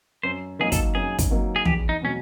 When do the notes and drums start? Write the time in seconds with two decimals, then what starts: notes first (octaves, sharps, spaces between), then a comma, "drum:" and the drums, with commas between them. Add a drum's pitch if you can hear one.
0.23 F#2 C5
0.59 D#3 F#3 A#3 G#4
0.72 A4, drum: kick, hi-hat
0.95 F#2 G#4
1.19 drum: kick, hi-hat
1.31 D#3 F#3 A#3
1.56 G#4
1.65 E2 G4, drum: tom
1.89 D#4
2.02 B2 F#3 A3 C#4